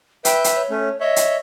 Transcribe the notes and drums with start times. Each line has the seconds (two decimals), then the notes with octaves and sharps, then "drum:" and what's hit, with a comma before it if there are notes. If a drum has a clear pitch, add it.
0.25 B4 E5 G5 G6, drum: hi-hat
0.44 drum: hi-hat
0.55 C#5
0.70 A3 C#4
1.00 C#5 D#5 E5
1.16 drum: hi-hat